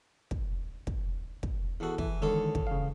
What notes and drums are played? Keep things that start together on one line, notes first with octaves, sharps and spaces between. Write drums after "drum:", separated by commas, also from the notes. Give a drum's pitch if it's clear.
drum: kick
drum: kick
drum: kick
E2 E4 F#4 A4
E3, drum: kick
E2 D3 D#3 G#3 A4 C#5
drum: kick
C#3 F5